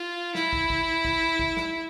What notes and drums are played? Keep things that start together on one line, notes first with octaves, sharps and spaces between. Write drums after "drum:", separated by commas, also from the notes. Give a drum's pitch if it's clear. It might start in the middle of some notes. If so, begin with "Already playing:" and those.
Already playing: F4
E4, drum: snare
drum: kick
drum: kick
drum: kick
drum: kick
drum: snare